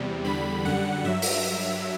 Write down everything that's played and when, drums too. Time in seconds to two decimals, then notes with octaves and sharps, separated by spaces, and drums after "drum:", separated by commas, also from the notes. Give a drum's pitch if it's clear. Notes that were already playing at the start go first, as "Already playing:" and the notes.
Already playing: E2 C3 G3
0.24 E2 D3 G3 B5
0.65 F#2 D3 G3 F#5
1.05 G2 F#3 E5
1.22 drum: open hi-hat